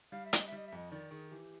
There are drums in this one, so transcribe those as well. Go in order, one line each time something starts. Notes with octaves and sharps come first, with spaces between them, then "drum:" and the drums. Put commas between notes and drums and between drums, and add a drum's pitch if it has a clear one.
G3 F5
E5
G3, drum: hi-hat
D#5
G3 E5
D#5
E5
F2 D#5
D#3 D5
D#3 G#4
E3 G4